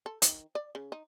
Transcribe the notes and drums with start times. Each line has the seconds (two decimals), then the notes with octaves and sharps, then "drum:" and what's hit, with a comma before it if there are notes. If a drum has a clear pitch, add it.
0.06 A4
0.22 D#3, drum: hi-hat
0.55 D5
0.75 C#3
0.92 D#4